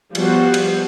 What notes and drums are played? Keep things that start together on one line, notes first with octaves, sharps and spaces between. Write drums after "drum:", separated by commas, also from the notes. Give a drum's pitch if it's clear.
F3 G3 B3 F#4 C5, drum: cymbal
drum: cymbal